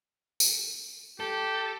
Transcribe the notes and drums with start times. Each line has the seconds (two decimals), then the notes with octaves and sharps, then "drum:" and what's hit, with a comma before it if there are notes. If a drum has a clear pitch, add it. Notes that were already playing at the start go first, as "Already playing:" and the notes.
0.40 drum: tambourine
1.20 G4 A4